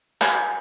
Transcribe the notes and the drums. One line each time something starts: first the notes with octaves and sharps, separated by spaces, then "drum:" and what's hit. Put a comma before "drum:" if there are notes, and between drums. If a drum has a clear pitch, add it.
G#5, drum: clap